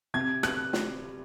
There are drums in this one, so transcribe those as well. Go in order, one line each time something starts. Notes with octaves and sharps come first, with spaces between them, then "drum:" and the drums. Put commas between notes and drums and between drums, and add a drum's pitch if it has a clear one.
C3 G#6
F#6, drum: rim click
drum: snare